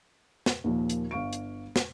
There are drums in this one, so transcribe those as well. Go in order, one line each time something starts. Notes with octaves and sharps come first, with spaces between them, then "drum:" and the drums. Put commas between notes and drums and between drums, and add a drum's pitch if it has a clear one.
drum: snare
D#2 A#2 F3
drum: hi-hat
G1 F5 C#6 D7
drum: hi-hat
drum: snare